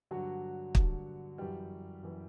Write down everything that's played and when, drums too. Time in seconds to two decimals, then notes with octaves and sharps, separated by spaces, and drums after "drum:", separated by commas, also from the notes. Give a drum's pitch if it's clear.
0.11 G2 D3 F#3 F#4
0.75 G2 D3, drum: kick
1.38 F#2 E3 G3 G4
2.03 F#2 E3